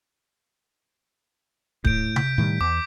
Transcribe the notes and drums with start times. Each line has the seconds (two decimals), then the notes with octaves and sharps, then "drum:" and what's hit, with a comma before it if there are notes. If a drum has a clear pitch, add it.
1.85 A2 G6 D7, drum: kick D1
2.16 B6, drum: tom C3
2.38 A2 D#3 G3
2.61 E2 D6